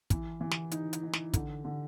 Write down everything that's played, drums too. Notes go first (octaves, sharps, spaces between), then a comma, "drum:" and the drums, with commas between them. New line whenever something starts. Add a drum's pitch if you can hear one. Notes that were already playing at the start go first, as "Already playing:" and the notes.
E3, drum: kick, hi-hat
E3
drum: snare
D#4, drum: hi-hat
drum: hi-hat
D#4
drum: snare
D3, drum: kick, hi-hat
D3